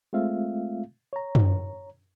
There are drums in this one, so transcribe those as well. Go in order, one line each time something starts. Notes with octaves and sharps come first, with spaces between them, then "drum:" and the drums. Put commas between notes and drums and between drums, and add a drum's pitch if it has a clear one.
G#3 A3 C4 F4 E5 F5
C#5 A#5
drum: tom F#2